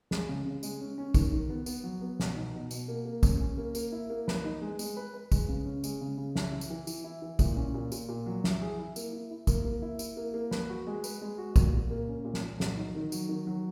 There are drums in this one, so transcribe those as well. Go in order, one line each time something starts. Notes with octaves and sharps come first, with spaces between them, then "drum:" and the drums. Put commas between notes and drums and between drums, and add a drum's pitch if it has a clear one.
G#3, drum: snare
C#3
C#3
G#3, drum: tambourine
C#4
C#4
D#3, drum: kick, tambourine
D#3
B3
B3, drum: tambourine
F#3
B3
B2, drum: snare
D#4
B2
B2, drum: tambourine
A#3
A#3
C#4, drum: kick, tambourine
C#4
A#3
A#3, drum: tambourine
E4
A#3
B4, drum: snare
D#4
G#3
G#3, drum: tambourine
B4
B4
G#3, drum: kick, tambourine
C#3
C#4
G#3, drum: tambourine
C#3
C#3
E4, drum: snare
E4
drum: tambourine
E3
E3, drum: tambourine
E4
E3
A#2, drum: kick, tambourine
C#4
A#2
A#2, drum: tambourine
A#2
F#3
E4, drum: snare
G#4
E4
A#3, drum: tambourine
E4
E4
A#3, drum: kick, tambourine
A#3
E4
E4, drum: tambourine
A#3
A#3
B4, drum: snare
F#4
G#3
B4, drum: tambourine
G#3
F#4
A#2, drum: kick, tambourine
A#2
A#3
C#4
A#2
drum: snare
A#2
F#3, drum: snare
D#4
D#3
F#3, drum: tambourine
D#3
F#3